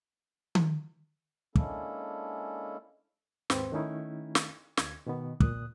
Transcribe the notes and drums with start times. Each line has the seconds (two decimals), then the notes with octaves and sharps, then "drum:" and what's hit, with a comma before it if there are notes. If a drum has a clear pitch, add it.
0.55 drum: tom D#3
1.55 G#3 A#3 C#4 D4 E4 A4, drum: kick
3.50 D#2 G#2 C4 B4, drum: snare
3.72 D#3 A3 C#4 D#4 E4
4.35 drum: snare
4.77 D2 G#6, drum: snare
5.07 B2 D#3 B3
5.40 A#2 D#6 F#6, drum: kick